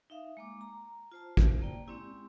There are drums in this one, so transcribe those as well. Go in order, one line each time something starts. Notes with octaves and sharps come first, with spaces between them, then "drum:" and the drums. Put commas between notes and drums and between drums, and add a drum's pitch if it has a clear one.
D#4 E5 F5 D#6
G#3 A#3 D6
A#5
F4 C5 A5
drum: kick
A#3 D5 G5
G#3 C4 C#4 E4 G4